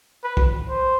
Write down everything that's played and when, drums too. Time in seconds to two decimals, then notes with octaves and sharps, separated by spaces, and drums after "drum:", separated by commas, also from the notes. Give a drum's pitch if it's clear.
0.24 B4
0.37 drum: kick
0.69 C5